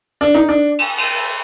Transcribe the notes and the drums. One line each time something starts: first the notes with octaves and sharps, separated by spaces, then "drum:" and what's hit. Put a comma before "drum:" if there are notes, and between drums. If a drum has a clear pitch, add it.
D4, drum: hi-hat
D#4
D4
drum: cymbal
drum: cymbal
drum: open hi-hat